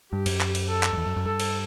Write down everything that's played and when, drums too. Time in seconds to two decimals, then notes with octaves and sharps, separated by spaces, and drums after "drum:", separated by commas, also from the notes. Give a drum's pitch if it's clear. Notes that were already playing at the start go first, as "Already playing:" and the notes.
0.12 G2 G4
0.26 F#2, drum: cymbal
0.41 drum: clap
0.55 drum: cymbal
0.69 A4
0.83 drum: clap
0.93 F#2
0.97 E2
1.06 F#2
1.16 F#2
1.25 G2 A4
1.40 drum: cymbal